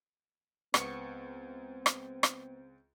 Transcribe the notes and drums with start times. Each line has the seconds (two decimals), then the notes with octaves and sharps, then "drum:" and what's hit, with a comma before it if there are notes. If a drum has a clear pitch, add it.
0.74 C#2 B3 C4 C#6 C#7, drum: rim click
1.86 drum: rim click
2.23 drum: rim click